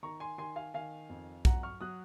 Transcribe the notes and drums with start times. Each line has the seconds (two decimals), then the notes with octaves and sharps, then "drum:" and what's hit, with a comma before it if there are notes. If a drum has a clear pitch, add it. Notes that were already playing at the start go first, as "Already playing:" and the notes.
0.03 D#3 A#5 C#6
0.20 G#5 C6
0.38 D#3 G#5 C6
0.56 F5 G#5
0.74 D#3 F5 G#5
1.10 F2
1.45 F#3 F#5 A#5, drum: kick B1
1.63 C#6 F6
1.81 F#3 D#6 F#6